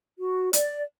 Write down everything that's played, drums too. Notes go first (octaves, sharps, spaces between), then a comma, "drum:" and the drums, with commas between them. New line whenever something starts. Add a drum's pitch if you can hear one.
F#4
D5, drum: hi-hat